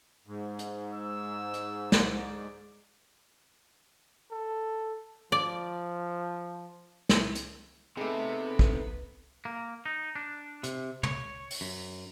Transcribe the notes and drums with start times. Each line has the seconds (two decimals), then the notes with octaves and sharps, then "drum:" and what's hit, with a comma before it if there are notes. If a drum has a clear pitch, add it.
0.27 G#2
0.59 drum: hi-hat
0.94 E6
1.53 drum: hi-hat
1.92 D5, drum: snare
4.32 A4
5.32 F3 D5
7.09 drum: snare
7.35 drum: hi-hat
7.97 C3 A3 B3 D#4 G#4 B5 D6
8.59 drum: kick
9.45 A#3
9.86 D#4
10.15 D4
10.63 C3, drum: hi-hat
11.03 C#5, drum: tom
11.50 drum: open hi-hat
11.61 F#2